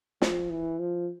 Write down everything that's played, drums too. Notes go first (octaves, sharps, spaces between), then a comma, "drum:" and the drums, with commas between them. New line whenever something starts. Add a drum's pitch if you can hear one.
F3, drum: snare
E3
F3